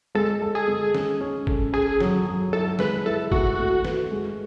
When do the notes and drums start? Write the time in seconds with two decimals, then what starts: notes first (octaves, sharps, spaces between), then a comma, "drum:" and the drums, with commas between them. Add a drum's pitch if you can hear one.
0.15 G#3 A4
0.42 A4
0.55 G#4
0.68 G#3
0.95 C#4, drum: snare
1.21 C#4
1.47 A4, drum: kick
1.73 G#4 A4
2.01 F#3, drum: snare
2.26 F#3
2.53 E4 A4
2.79 G#3 B4, drum: snare
3.06 E4 A4
3.32 A3 F#4, drum: kick
3.59 A3
3.85 B4, drum: snare
4.11 G#3